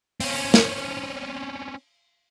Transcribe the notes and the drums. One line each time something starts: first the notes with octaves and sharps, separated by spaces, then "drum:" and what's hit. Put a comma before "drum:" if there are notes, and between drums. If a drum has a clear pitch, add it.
C4 C#4, drum: open hi-hat
drum: snare